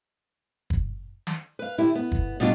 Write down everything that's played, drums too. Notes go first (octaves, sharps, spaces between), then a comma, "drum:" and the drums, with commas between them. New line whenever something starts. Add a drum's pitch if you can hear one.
drum: kick
drum: snare
B4 F5
D3 E4 G4
B3
drum: kick
B2 G3 D4 F4